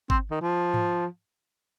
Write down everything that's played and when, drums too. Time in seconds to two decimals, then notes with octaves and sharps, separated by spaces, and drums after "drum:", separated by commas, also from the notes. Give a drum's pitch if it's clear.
0.10 C4, drum: kick G#1
0.31 D#3
0.41 F3
0.74 drum: tom G#2